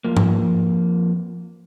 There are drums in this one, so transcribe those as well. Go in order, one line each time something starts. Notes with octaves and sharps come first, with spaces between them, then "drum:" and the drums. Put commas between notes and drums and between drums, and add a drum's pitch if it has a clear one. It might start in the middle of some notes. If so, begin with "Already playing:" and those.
F2 F3 A#3
drum: tom G#2